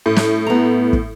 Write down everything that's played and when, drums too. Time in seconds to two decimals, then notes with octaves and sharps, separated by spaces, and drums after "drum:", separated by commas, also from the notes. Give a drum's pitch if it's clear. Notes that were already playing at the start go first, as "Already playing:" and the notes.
0.06 A2
0.16 drum: snare
0.47 B3 A#5
0.93 drum: kick